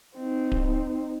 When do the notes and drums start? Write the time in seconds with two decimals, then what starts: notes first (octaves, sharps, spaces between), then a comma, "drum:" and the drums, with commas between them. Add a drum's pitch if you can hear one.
0.18 C4 D#4
0.52 drum: kick D1